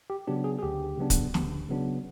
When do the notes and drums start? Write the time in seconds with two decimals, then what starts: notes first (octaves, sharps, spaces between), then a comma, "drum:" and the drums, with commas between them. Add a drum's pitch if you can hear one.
0.10 G4
0.27 C#3 F#3 B3 D4 G4
0.44 G#4
0.59 G#4
0.63 D2 G4
0.98 C#3 F#3 B3 D4
1.10 drum: kick, hi-hat
1.34 D2, drum: snare
1.69 C#3 F#3 B3 D4